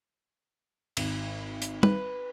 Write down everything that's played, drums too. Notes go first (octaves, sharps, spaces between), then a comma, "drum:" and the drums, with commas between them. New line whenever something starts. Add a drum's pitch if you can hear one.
G#1, drum: cymbal
drum: hi-hat
B4, drum: tom